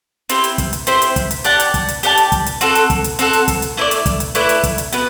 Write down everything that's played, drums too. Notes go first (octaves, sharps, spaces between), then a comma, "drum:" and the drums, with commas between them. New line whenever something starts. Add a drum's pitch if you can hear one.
C4 E4 G4 C5, drum: hi-hat
drum: hi-hat
drum: kick, hi-hat
drum: hi-hat
C4 E4 G4 C5, drum: hi-hat
drum: hi-hat
drum: kick, hi-hat
drum: hi-hat
G4 D5 F#5 A5, drum: hi-hat
drum: hi-hat
drum: kick, hi-hat
drum: hi-hat
G4 D5 F#5 A5, drum: hi-hat
drum: hi-hat
drum: kick, hi-hat
drum: hi-hat
C4 F#4 A4, drum: hi-hat
drum: hi-hat
drum: kick, hi-hat
drum: hi-hat
C4 F#4 A4, drum: hi-hat
drum: hi-hat
drum: kick, hi-hat
drum: hi-hat
A3 E4 B4 D5
drum: hi-hat
drum: kick, hi-hat
drum: hi-hat
A3 E4 B4 D5, drum: hi-hat
drum: hi-hat
drum: kick, hi-hat
drum: hi-hat
B3 F#4 B4, drum: hi-hat